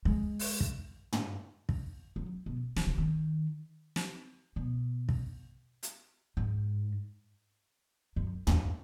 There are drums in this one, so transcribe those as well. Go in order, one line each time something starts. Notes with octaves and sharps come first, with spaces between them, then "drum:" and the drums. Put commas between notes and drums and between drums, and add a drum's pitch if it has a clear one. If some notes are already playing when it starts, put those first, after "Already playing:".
G#3, drum: kick
drum: open hi-hat
drum: kick
drum: tom
drum: kick
F#3
B2
D#3, drum: snare
C#3
D#3
drum: snare
B2
drum: kick
drum: hi-hat
G#2
F#2
E2, drum: tom